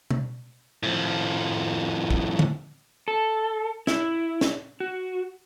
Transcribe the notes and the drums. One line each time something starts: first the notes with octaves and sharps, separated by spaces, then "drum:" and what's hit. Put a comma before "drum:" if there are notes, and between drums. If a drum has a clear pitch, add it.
drum: tom B2
A2 F3
drum: kick
drum: tom
A4
E4, drum: snare
drum: snare
F#4